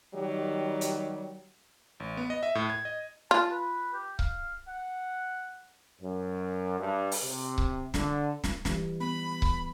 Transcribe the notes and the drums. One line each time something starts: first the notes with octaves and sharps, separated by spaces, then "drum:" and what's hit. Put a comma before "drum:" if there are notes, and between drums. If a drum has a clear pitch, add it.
D#3 F#3 G3 G4
drum: hi-hat
A1
B3
D#5
E5
A2
G#6
D#5
F4 A5
B4
G4
F5, drum: kick C#1
F#5
F#2
G2
drum: open hi-hat
C3
drum: kick C#1
D3, drum: snare
drum: snare
E3 G3, drum: snare
B3 B5
drum: kick C#1